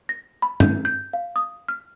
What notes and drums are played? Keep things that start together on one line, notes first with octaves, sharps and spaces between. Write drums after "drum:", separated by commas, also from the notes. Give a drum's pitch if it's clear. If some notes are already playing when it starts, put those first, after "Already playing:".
A#6
B5
G6, drum: tom
G6
F5
D#6
F6